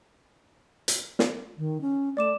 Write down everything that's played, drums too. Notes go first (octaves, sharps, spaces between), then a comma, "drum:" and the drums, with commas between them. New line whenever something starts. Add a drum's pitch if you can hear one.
drum: hi-hat
drum: snare
D#3
C#4
A3 D5 D6 E7